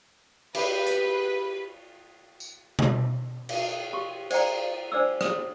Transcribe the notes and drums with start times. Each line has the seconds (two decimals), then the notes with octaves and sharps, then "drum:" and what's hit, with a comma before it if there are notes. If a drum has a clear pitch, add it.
0.55 G4 B4, drum: cymbal
0.86 drum: hi-hat
2.40 drum: tambourine
2.79 drum: tom B2
3.49 drum: cymbal
3.93 G4 C6 C#6
4.30 C5 D5 F#5 G5 A#5, drum: cymbal
4.92 D4 C5 D5 D6 E6
5.21 D#6, drum: rim click